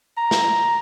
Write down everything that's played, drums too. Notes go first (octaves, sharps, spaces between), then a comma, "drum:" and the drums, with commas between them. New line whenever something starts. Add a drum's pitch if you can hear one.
A#5
drum: snare